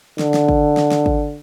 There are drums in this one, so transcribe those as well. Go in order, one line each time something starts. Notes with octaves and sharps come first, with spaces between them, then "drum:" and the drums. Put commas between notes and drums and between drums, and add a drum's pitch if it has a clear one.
D3, drum: snare
drum: snare
drum: kick
drum: snare
drum: snare
drum: kick